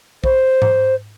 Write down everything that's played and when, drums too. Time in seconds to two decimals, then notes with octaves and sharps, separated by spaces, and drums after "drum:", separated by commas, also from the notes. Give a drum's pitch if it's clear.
0.24 C5, drum: kick
0.62 drum: tom G#2